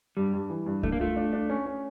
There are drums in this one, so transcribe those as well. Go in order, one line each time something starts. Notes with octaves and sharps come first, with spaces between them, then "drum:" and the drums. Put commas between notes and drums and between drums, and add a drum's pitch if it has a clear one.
G2 G3
G2
E3
G2
A3 D4, drum: kick C#2
A#3
A3 F4
D4
D4
C#4
C#4